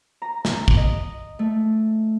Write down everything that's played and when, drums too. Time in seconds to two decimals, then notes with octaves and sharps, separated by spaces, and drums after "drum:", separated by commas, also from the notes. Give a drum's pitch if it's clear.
0.22 A#5
0.45 drum: snare
0.68 drum: kick
0.77 D#5
1.39 A3